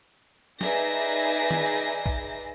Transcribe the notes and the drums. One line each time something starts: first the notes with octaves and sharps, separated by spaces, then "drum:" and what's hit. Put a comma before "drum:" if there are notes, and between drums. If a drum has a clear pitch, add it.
D#4 G#4 B4 D5 E5 A#6, drum: snare
drum: tom D#3
drum: kick A#1